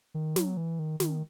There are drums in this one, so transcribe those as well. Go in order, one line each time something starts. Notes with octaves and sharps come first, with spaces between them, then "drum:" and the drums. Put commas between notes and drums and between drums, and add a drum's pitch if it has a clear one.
D#3
F#3, drum: snare
E3
D#3
D#3, drum: snare